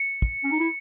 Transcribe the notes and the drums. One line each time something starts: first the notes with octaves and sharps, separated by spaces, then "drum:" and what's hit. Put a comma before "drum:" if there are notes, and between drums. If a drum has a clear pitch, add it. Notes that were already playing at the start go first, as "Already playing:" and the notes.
Already playing: C#7
drum: kick
C#4
D#4
E4